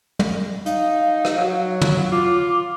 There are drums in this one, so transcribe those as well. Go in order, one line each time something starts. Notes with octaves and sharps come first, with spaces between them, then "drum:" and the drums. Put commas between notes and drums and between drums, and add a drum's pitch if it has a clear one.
drum: tom
D#4 F5, drum: hi-hat
drum: rim click
F#3
drum: tom
F4 D6